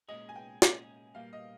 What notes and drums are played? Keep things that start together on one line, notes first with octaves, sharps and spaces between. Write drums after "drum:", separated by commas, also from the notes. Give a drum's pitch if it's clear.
A#2 G#3 C#4 G#4 D#5
G#5
G5
A#2 G#3 C#4 G#4 G#5, drum: snare
A#2 G3 A#3 F5
D#5